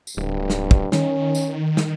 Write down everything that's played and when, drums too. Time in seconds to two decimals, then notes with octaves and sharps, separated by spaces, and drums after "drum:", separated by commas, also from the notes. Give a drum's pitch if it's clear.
0.07 drum: tambourine
0.17 D1 G2
0.50 drum: snare
0.71 drum: kick
0.92 D#3 C#4, drum: snare
1.35 drum: tambourine
1.77 drum: snare